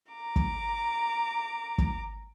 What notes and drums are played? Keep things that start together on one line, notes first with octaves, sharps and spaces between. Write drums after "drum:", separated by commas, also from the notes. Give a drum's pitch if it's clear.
A#5 D6
drum: kick
drum: kick